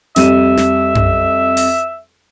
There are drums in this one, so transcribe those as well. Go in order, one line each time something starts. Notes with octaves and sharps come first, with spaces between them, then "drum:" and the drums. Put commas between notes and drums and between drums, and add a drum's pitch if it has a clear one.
F2 G3 E5 D#7, drum: hi-hat
drum: snare
drum: tom F#2
drum: open hi-hat